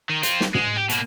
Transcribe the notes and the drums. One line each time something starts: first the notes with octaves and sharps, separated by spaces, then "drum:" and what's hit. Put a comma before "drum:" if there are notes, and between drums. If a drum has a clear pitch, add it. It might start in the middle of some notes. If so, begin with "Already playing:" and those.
D#3
C4 F4, drum: hi-hat
drum: snare
G#3, drum: tom
G4
B2 A#3, drum: hi-hat